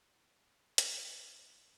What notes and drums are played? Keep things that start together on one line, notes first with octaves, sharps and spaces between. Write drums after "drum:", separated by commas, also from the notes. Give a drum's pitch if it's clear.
drum: hi-hat
C4 G#4 A#4